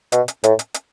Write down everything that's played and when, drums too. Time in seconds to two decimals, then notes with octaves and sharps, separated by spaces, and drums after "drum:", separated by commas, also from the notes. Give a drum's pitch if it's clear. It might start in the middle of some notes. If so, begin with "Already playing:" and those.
0.12 B2, drum: hi-hat
0.28 drum: hi-hat
0.44 A2, drum: hi-hat
0.59 drum: hi-hat
0.74 drum: hi-hat